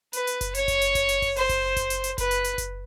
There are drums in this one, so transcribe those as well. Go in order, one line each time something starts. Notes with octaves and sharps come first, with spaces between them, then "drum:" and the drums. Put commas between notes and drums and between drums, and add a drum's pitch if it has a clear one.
B4, drum: hi-hat
drum: hi-hat
drum: kick F#1, hi-hat
C#5, drum: hi-hat
drum: kick F#1, hi-hat
drum: hi-hat
drum: kick F#1, hi-hat
drum: hi-hat
drum: kick F#1, open hi-hat
C5, drum: open hi-hat
drum: kick F#1, hi-hat
drum: kick F#1, hi-hat
drum: hi-hat
drum: hi-hat
B4, drum: kick F#1, hi-hat
drum: hi-hat
drum: hi-hat
drum: kick F#1, hi-hat